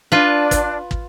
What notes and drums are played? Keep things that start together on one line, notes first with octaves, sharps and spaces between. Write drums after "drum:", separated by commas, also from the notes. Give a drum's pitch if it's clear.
D4 F4 B4
drum: kick, hi-hat
drum: kick